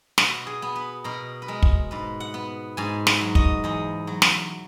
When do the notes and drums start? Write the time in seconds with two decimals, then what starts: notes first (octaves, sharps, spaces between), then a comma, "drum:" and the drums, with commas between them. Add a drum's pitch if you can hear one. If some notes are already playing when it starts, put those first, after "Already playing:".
0.18 B2 F#4, drum: snare
0.47 G#4
0.62 B3
0.75 B4
1.04 B2 A#4
1.42 B4
1.48 G#3 A#4
1.63 drum: kick
1.91 G#2 B4
2.20 F#5
2.34 B3
2.77 G#2 G#5
3.07 F#5, drum: snare
3.21 F#3
3.35 D#5, drum: kick
3.64 E2 D#5
4.07 F#3
4.22 drum: snare